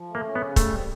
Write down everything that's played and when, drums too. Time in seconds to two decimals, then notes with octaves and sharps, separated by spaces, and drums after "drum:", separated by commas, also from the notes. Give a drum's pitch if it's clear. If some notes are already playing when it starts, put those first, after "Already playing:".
Already playing: F3
0.09 A3
0.15 A#3
0.25 C#4
0.35 B3
0.40 C#3
0.56 G3 A3, drum: kick, hi-hat
0.73 C4